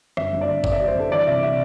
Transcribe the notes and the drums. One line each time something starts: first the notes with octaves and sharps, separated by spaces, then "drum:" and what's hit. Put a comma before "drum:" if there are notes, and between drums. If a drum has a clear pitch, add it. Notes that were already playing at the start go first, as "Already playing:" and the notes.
G1 E5, drum: rim click
G1
D5
G1
G1 D5, drum: kick
E5
G3 D5
C5
G1 A4
E3 D5
C3 E5
C3 E5